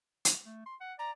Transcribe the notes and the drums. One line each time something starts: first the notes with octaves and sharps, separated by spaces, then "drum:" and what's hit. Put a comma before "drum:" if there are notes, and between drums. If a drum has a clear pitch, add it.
drum: hi-hat
A3
C6
F#5
D5 A#5